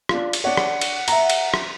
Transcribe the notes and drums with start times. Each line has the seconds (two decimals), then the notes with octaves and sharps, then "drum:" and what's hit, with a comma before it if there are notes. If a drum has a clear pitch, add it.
0.09 D4 F4, drum: rim click
0.33 drum: cymbal
0.44 D4 C#5 F#5
0.57 drum: rim click
0.81 drum: cymbal
1.08 E5 A#5, drum: cymbal
1.30 drum: cymbal
1.54 drum: rim click